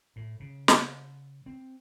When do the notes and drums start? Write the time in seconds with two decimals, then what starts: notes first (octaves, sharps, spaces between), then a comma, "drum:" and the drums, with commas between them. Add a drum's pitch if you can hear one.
0.16 A2
0.40 C#3
0.68 drum: snare
1.46 C4